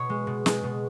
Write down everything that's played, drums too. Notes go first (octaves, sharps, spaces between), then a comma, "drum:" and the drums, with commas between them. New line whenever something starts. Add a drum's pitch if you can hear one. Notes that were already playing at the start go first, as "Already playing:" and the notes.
Already playing: B2 C#5
G#3
B2
G#3, drum: snare
B2